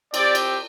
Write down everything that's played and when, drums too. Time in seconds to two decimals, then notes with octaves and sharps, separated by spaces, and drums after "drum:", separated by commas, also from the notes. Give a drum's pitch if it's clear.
0.14 C4 G4 D5, drum: cymbal
0.35 drum: cymbal